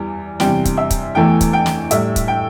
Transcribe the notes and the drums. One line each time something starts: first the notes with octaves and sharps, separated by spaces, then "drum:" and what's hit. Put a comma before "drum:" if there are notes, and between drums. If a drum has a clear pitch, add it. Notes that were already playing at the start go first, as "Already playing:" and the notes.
Already playing: E2 E3 G3
E2 C3 G3 G5, drum: snare
drum: kick, hi-hat
E5
drum: kick, hi-hat
E2 E3 A3 G5
drum: kick, hi-hat
G5
drum: snare
A2 G3 E5, drum: hi-hat
drum: kick, hi-hat
G5